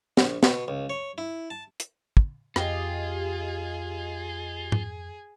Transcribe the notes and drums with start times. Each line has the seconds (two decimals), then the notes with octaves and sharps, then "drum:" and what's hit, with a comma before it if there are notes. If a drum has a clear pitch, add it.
0.17 A#1, drum: snare
0.43 B2, drum: snare
0.68 C#2
0.90 C#5
1.18 E4
1.50 A5
1.80 drum: hi-hat
2.17 drum: kick
2.56 F2 F4 G4 G#4 D#5, drum: rim click
4.72 drum: tom G#2